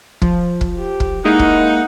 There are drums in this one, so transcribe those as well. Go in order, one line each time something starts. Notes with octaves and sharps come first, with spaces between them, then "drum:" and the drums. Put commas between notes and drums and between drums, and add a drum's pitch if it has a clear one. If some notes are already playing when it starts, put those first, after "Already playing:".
F3, drum: kick
drum: kick
G4
drum: kick
G#3 A#3 D#4 E4 F#5
drum: kick